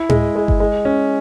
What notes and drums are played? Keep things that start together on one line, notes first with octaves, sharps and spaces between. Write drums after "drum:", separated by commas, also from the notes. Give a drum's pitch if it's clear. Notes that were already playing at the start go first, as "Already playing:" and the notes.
Already playing: E4
G#3, drum: tom A2
G#3
drum: kick G1
G#3
C#4